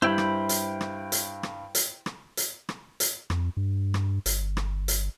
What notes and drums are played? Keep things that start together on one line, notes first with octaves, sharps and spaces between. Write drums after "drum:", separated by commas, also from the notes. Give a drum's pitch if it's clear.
G2 E4 C5 G5 B5
drum: rim click
drum: hi-hat
drum: rim click
drum: hi-hat
drum: rim click
drum: hi-hat
drum: rim click
drum: hi-hat
drum: rim click
drum: hi-hat
F2, drum: rim click
G2
drum: rim click
G1, drum: hi-hat
drum: rim click
drum: hi-hat